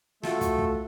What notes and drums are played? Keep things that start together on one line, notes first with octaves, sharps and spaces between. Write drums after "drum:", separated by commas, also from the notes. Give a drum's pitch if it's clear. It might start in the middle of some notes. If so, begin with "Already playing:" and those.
A3 F4 F#4 A4, drum: snare
drum: kick, hi-hat
drum: kick